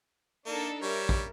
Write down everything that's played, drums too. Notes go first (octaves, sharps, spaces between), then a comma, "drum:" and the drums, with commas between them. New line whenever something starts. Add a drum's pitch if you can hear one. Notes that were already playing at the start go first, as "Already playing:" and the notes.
A#3 D4 D#4 A4
G3 A#4 C#5 E5
drum: kick A#1